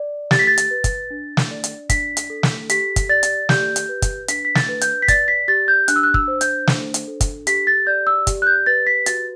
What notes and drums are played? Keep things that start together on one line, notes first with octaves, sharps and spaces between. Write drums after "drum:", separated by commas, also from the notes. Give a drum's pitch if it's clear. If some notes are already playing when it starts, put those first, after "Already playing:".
Already playing: D5
G4 A6, drum: snare
B6
A6
drum: hi-hat
B4
drum: kick, hi-hat
D4
drum: snare
D5
drum: hi-hat
D4 B6, drum: kick, hi-hat
drum: hi-hat
A4
drum: snare
G4 B6, drum: hi-hat
drum: kick, hi-hat
D5 A6
drum: hi-hat
G4 G6, drum: snare
drum: hi-hat
B4
drum: kick, hi-hat
D4 B6, drum: hi-hat
B6
A6, drum: snare
B4
G6, drum: hi-hat
B6
D5 A6, drum: kick, hi-hat
B6
G4 A6
G6
D4 F#6, drum: hi-hat
E6
F#6
E6, drum: kick
C5
G6, drum: hi-hat
D4, drum: snare
drum: hi-hat
A4
drum: kick, hi-hat
G4 B6, drum: hi-hat
A6
D5 G6
E6
G4, drum: kick, hi-hat
F#6
G6
B4 A6
B6
F#4 A6, drum: hi-hat